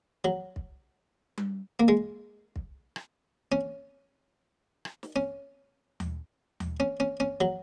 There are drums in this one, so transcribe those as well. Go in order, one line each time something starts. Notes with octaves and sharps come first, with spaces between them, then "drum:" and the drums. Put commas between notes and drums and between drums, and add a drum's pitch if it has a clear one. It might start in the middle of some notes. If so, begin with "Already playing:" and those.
F#3
drum: kick
drum: tom G3
A#3
G#3
drum: kick
drum: rim click
C#4
drum: rim click
drum: snare
C#4
drum: tom D#2
drum: tom D#2
C#4
C#4
C#4
F#3